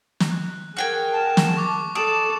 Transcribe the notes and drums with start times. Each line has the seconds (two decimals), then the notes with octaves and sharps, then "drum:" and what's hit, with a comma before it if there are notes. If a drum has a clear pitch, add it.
0.20 drum: snare
0.31 F#6
0.77 F#4 G#4 A#4 G5 G#5
1.12 A5
1.37 drum: snare
1.57 C#6 D6
1.95 A4 D5 A5 D#6 E7